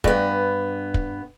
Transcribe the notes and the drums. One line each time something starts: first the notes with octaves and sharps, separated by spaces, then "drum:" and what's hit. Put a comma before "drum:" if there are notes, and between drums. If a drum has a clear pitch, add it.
G2 B3, drum: kick
drum: kick